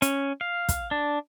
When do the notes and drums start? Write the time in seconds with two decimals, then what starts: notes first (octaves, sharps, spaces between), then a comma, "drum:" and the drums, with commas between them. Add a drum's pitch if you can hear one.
0.02 C#4, drum: hi-hat
0.41 F5
0.69 drum: kick, hi-hat
0.91 D4